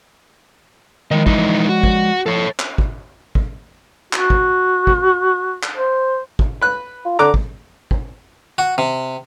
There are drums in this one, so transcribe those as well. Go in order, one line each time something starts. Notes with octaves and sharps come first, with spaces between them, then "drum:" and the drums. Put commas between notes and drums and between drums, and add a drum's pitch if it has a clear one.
D#3 F3 G#3 D#5
E3 D#4, drum: kick
F#4
drum: kick
F2 A4 C#5
drum: clap
drum: kick
drum: kick
F#4, drum: clap
drum: kick
drum: kick
drum: clap
C5
drum: kick
B4 F#6
F4
D3 A#5 D6 F#6
drum: kick
drum: kick
F#4
C3